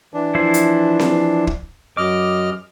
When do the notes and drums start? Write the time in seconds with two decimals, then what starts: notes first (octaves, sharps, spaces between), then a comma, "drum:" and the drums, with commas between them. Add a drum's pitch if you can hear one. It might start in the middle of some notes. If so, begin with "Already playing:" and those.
0.14 E3 D4
0.35 F3 E4 C5
0.54 drum: hi-hat
0.99 drum: snare C4
1.47 drum: kick
1.97 F#2 D#5 D6 F6